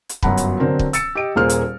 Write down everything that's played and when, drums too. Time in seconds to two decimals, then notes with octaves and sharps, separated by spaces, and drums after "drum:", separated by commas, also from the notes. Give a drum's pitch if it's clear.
0.09 drum: hi-hat
0.23 G1 F#2 F#3 F#5 A#5 B5, drum: kick
0.37 drum: hi-hat
0.60 D3 F#3 C4 A#4
0.79 drum: kick
0.93 E6 A6 C#7, drum: hi-hat
1.15 G4 D#5 D7
1.35 D#1 A#2 A#3 G#4 C5 F6
1.49 drum: hi-hat